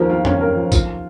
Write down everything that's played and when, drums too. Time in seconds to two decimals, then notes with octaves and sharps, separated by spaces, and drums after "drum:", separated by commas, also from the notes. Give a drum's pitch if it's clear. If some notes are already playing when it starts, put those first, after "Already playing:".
Already playing: D#2 F3 A#4
0.10 F4
0.25 C#4, drum: tom F2
0.40 A#4
0.56 F3
0.72 F4, drum: kick, tambourine